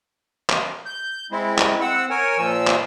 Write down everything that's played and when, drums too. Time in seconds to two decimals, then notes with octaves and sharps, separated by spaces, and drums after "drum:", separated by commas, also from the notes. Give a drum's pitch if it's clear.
0.50 drum: clap
0.86 G6
1.32 G#3 C4 E4
1.58 drum: clap
1.81 C4 F#5 E6
2.10 A#4 C#5 G#5
2.38 A#2 F3 E6
2.67 drum: clap